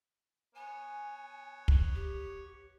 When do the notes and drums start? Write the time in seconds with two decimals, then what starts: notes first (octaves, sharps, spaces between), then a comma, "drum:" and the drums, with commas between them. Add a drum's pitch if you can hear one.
0.55 B3 C#5 G#5
1.68 drum: kick
1.95 G4